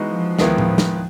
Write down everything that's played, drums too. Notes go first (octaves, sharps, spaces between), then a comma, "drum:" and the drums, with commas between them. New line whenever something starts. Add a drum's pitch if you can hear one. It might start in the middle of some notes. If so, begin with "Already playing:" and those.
Already playing: E3 G#3 B3 D#4 F#4
F3
D#2 D#3 G#3 B3 E4, drum: snare
drum: tom A2
drum: snare